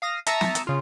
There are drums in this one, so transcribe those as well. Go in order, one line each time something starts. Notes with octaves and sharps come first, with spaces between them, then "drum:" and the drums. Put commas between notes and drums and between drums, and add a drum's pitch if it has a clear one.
F5 D#6 A#6
E5 A5 A#5 C#6 D#6 E6, drum: hi-hat
drum: snare
drum: hi-hat
C#3 F4